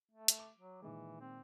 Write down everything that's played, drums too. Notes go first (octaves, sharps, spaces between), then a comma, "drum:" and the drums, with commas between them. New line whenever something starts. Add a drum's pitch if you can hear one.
A3
drum: hi-hat
D6
F#3
A#2 D#3 E3 G#3
C4